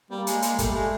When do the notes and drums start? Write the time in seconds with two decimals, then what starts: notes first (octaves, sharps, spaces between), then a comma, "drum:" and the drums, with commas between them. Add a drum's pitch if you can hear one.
0.11 G3 A#3
0.27 G#3, drum: hi-hat
0.42 G#3, drum: hi-hat
0.58 G3 A3, drum: kick, hi-hat
0.74 G#3